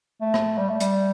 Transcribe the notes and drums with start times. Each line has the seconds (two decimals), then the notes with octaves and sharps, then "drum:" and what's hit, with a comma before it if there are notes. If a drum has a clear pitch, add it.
0.21 A3
0.34 drum: rim click
0.58 G3
0.69 A3
0.80 G3, drum: hi-hat